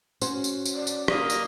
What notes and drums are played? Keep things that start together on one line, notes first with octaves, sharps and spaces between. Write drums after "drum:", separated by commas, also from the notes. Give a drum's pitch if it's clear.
C#4 F#4 C5, drum: tambourine
drum: tambourine
drum: tambourine
D5
drum: tambourine
A#3 D#5, drum: rim click
drum: tambourine